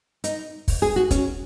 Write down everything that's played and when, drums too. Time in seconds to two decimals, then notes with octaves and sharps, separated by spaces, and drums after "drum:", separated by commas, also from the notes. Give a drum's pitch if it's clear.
0.24 D#4, drum: hi-hat
0.68 drum: kick, open hi-hat
0.82 G#4
0.96 F#4
1.11 C#4, drum: kick, hi-hat